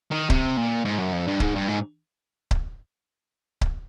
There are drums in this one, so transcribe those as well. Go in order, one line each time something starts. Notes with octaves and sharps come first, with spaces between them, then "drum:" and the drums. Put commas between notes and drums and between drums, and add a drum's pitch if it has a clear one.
D#3
C3, drum: kick C#1
A#2
G#2
F#2
F2
G2
G#2, drum: kick C#1
G2
G#2
drum: kick C#1
drum: kick C#1